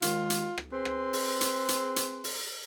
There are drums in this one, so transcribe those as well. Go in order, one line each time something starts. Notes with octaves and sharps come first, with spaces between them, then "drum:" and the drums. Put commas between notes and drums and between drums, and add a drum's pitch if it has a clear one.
D#2 D#3 G#3 F4, drum: hi-hat
drum: hi-hat
drum: rim click
C4 G#4 B4 C6
drum: rim click
drum: open hi-hat
drum: hi-hat
drum: hi-hat
drum: hi-hat
drum: open hi-hat